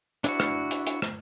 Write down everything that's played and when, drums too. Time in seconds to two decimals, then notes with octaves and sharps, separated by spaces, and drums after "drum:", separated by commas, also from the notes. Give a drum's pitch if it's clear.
0.24 D4 E4 F#4, drum: hi-hat
0.40 drum: rim click
0.71 drum: hi-hat
0.87 drum: hi-hat
1.02 drum: rim click